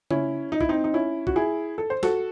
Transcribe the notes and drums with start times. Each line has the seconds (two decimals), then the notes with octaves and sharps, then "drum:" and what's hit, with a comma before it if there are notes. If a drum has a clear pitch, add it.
0.11 C#4 E4, drum: tom C#3
0.52 D#4
0.61 E4, drum: kick
0.69 C4 D#4
0.84 D#4
0.94 C#4 E4
1.27 F#4, drum: kick
1.36 E4 G#4
1.78 A4
1.90 C5
2.03 F#4 A4, drum: snare